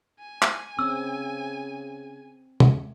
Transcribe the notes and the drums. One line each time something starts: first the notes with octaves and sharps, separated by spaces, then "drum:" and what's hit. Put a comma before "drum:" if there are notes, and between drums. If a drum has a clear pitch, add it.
G#5
drum: clap
C#3 C4 E6
drum: tom